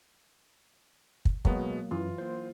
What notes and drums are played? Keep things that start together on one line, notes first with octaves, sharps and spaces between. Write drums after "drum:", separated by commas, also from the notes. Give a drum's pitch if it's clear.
drum: kick
B2 F#3 G#3 A#3 B3, drum: kick
F#2 E3 F4
A#3 C5